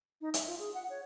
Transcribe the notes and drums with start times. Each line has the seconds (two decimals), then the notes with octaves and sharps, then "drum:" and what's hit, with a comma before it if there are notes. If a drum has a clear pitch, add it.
0.21 D#4
0.34 E5, drum: hi-hat
0.47 F4
0.59 G#4
0.74 F#5
0.89 C#5